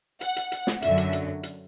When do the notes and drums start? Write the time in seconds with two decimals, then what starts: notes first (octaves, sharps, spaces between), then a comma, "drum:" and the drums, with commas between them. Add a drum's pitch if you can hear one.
0.21 F#5, drum: hi-hat
0.36 drum: hi-hat
0.52 drum: hi-hat
0.67 drum: snare
0.82 F#2 D3 F#3 E5, drum: hi-hat
0.97 drum: hi-hat
1.13 drum: hi-hat
1.43 drum: hi-hat